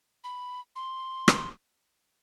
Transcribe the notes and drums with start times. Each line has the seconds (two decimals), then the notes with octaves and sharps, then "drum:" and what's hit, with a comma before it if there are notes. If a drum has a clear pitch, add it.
0.24 B5
0.76 C6
1.28 drum: rim click